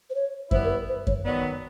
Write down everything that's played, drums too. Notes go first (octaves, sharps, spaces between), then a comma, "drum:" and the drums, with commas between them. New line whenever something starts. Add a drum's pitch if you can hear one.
C5
C#5
G3 B3 E4 C5, drum: kick F#2
A#4
B4
C5
C#5, drum: kick F#2
D#3 F#3 B3 D5